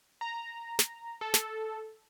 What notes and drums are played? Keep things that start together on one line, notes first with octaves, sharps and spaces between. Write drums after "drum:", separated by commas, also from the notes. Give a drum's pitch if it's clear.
A#5
drum: snare
A4
drum: snare